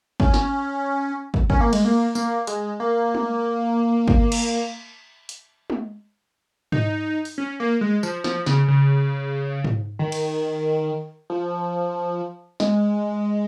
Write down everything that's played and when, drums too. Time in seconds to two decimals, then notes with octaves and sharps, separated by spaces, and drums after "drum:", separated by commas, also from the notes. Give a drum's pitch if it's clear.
0.20 C#4, drum: kick
0.34 drum: snare
1.34 drum: kick
1.50 C#4, drum: kick
1.61 A#3
1.73 G#3, drum: cymbal
1.85 A#3
2.15 A#3, drum: tambourine
2.47 G#3, drum: hi-hat
2.80 A#3
3.15 drum: tom G#3
4.08 drum: kick
4.32 drum: cymbal
5.29 drum: hi-hat
5.70 drum: tom G#3
6.72 D#4, drum: tom G#2
7.25 drum: open hi-hat
7.38 C#4
7.60 A#3
7.81 G#3
8.03 F3, drum: tambourine
8.24 F3, drum: snare
8.46 C#3, drum: snare
8.68 C#3
9.64 drum: tom G#2
9.99 D#3
10.12 drum: cymbal
11.30 F3
12.60 G#3, drum: snare